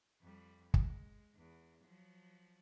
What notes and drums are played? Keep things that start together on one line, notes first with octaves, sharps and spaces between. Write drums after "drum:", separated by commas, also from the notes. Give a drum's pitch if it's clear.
F2 G3
G#3, drum: kick
E2
F3 F#3